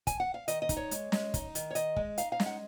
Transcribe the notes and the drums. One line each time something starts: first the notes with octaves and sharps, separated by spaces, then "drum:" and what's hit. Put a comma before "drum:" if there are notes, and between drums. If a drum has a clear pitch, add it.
G#5, drum: kick, hi-hat
F#5
F5
D#3 D#5, drum: hi-hat
D#5
D#4, drum: kick, hi-hat
C#5
G#3, drum: hi-hat
G#3, drum: snare
D#4, drum: kick, hi-hat
D#3, drum: hi-hat
C#5
D#3 D#5, drum: hi-hat
G#3, drum: kick
D#4 F5, drum: hi-hat
F5
G#3, drum: snare
F#5